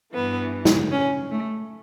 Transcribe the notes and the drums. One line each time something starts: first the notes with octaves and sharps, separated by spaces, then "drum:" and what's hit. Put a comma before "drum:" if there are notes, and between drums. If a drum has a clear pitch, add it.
G2 E3 B3
drum: snare
C#4
A3